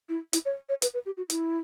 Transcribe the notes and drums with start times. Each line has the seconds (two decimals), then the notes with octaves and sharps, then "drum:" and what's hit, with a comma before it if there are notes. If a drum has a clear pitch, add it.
0.09 E4
0.33 E4, drum: hi-hat
0.45 C#5
0.69 C#5
0.82 B4, drum: hi-hat
0.94 B4
1.06 G4
1.17 F#4
1.30 E4, drum: hi-hat